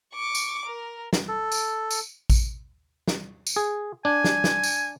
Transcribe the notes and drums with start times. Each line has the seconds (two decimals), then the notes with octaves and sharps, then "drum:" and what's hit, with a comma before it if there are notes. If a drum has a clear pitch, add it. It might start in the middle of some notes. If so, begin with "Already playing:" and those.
0.14 C#6 D6
0.35 drum: tambourine
0.65 A#4
1.13 drum: snare
1.28 A4
1.52 drum: tambourine
1.91 drum: tambourine
2.30 drum: kick A1, tambourine
3.08 drum: snare
3.46 drum: tambourine
3.56 G#4
4.05 D4 G#5
4.24 drum: snare
4.44 drum: snare
4.63 drum: tambourine